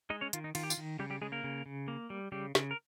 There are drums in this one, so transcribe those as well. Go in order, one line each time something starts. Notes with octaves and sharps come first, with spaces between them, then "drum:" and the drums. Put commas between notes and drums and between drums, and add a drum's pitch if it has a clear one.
G#3 D#4 D#5
C#4 C#5
D#3 F4, drum: hi-hat
D#4
D#3 F4, drum: cymbal
G4
F4, drum: tambourine
D#3
C#3 G3 G4
G3 G4
C#3 G#3 G#4
A#3 A#4
C#3
C#3
A#3
G3
C#3 G3 G4
C#3, drum: snare
A#4